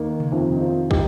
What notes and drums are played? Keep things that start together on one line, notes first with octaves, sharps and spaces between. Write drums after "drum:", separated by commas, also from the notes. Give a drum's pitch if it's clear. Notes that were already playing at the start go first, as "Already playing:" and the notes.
Already playing: D#2 D#3 A#3 D#4
drum: tom C3
F2 C3 D#3
D#4
C4 F4
D#3 D#4 G4, drum: kick